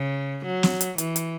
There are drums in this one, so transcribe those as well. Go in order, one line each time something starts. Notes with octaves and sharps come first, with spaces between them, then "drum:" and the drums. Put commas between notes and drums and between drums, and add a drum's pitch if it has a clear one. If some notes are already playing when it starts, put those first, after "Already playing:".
Already playing: C#3
F#3
drum: snare
drum: hi-hat
E3, drum: hi-hat
drum: hi-hat